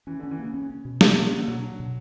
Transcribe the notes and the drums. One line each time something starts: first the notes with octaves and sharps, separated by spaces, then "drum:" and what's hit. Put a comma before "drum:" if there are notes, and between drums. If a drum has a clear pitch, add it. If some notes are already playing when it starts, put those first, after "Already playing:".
E3 C#4
D3 C#4
E3
C#3 A#3
C#4
C#4
B2
A#3, drum: snare
B2 A#3
C#3
D3 A#3
B2 F#3
D4
B2